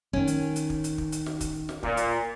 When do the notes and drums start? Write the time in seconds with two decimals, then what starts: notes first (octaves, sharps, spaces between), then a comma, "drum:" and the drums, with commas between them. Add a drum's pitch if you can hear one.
0.13 D#3 C#4, drum: kick
0.27 drum: hi-hat
0.56 drum: hi-hat
0.70 drum: kick
0.84 drum: hi-hat
0.98 drum: kick
1.12 drum: hi-hat
1.26 drum: snare
1.40 drum: kick, hi-hat
1.69 drum: snare
1.83 A#2, drum: kick
1.97 drum: hi-hat